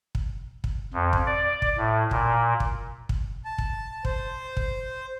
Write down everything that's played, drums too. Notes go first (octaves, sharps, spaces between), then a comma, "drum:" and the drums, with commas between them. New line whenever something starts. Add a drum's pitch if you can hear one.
drum: kick
drum: kick
F2
drum: kick
D5
drum: kick
A2
A#2, drum: kick
drum: kick
drum: kick
A5
drum: kick
C5, drum: kick
drum: kick